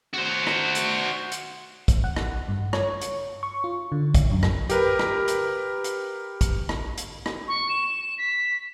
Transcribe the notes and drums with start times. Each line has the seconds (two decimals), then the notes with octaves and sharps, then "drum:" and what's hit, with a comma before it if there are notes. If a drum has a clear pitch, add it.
0.14 F#4 C5
0.47 drum: rim click
0.75 drum: hi-hat
1.32 drum: hi-hat
1.88 drum: kick, hi-hat
2.04 F#5
2.16 drum: rim click
2.48 G2
2.73 C#5, drum: rim click
3.01 drum: hi-hat
3.43 C#6
3.64 F4
3.92 D3
4.15 drum: kick, hi-hat
4.31 F#2
4.43 drum: rim click
4.69 G4 A#4 B4, drum: hi-hat
4.99 drum: rim click
5.28 drum: hi-hat
5.84 drum: hi-hat
6.41 drum: kick, hi-hat
6.69 drum: rim click
6.97 drum: hi-hat
7.26 drum: rim click
7.48 C#6
7.69 E7
8.18 B6